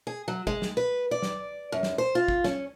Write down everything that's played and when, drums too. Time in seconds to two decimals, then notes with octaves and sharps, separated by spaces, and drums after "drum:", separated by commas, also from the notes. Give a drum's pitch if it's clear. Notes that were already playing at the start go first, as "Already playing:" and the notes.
0.07 G#4
0.28 F#3
0.47 G#3, drum: kick
0.62 drum: snare
0.77 B4
1.11 D5
1.22 drum: snare
1.72 F#2
1.83 drum: snare
1.98 C5
2.15 F4
2.28 drum: kick
2.44 C#4, drum: snare